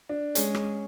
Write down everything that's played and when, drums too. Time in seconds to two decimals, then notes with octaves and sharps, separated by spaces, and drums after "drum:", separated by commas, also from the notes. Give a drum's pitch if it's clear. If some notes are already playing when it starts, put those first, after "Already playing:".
0.09 D4
0.35 G#3 C#4, drum: hi-hat
0.54 drum: rim click